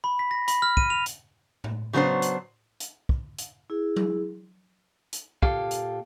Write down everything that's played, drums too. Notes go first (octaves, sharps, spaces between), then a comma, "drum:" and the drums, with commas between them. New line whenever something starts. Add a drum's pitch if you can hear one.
B5
B6
A#6
B5, drum: hi-hat
F6
D#7, drum: kick
F7
drum: hi-hat
drum: tom A2
C#3 F#3 B3 D4 C5
drum: hi-hat
drum: hi-hat
drum: kick
drum: hi-hat
E4 G#4
drum: tom F#3
drum: hi-hat
A#2 G4 A4 F5, drum: kick
drum: hi-hat